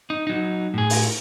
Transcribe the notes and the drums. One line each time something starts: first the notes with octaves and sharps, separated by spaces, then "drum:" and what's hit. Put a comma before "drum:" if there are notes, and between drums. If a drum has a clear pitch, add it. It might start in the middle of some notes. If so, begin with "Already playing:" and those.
D#4
F#3 D#4
A2 G#4
drum: open hi-hat